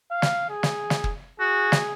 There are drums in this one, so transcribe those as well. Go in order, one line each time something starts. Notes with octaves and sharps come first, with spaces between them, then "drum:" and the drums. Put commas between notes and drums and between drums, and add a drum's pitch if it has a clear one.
F5
drum: snare
G#4
drum: snare
drum: snare
drum: kick
F#4 G#4
drum: snare